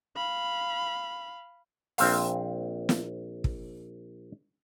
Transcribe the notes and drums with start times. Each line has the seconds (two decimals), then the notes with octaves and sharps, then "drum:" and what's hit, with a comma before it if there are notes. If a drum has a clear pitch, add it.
0.17 F5 B5
1.98 A#1 C4 F5, drum: open hi-hat
2.89 drum: snare
3.44 drum: kick